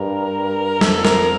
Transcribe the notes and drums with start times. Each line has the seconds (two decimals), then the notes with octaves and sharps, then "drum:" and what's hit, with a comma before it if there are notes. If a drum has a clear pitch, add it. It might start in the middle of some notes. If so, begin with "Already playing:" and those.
Already playing: G2 A#4
0.81 F2 A4, drum: snare
1.05 A#4, drum: snare